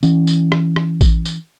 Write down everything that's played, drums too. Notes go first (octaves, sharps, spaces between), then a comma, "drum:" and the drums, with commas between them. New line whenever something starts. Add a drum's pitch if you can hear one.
E3 C#4, drum: tambourine
drum: tambourine
drum: rim click
drum: rim click
drum: kick A1, tambourine
drum: tambourine